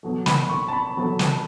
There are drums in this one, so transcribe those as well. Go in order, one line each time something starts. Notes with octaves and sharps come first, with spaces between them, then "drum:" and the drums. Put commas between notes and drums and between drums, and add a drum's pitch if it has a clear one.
B2 F#3 A3
B5, drum: snare
C#6
A5
B5
B2 F#3 A3
drum: snare